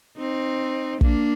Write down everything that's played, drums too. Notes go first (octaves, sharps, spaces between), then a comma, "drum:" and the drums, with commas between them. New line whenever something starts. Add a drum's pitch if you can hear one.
C4 D#4
A#3 D4, drum: kick